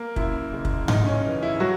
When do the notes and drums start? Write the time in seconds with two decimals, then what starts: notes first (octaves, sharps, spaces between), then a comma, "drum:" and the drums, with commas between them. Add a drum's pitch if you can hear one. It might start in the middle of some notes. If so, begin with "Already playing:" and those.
Already playing: A#3
0.16 F#2 E4, drum: kick
0.53 F#1
0.65 drum: kick
0.88 F#2 D#4, drum: tom G#2
1.07 C#4
1.25 E3
1.43 E4
1.60 F#3 F#4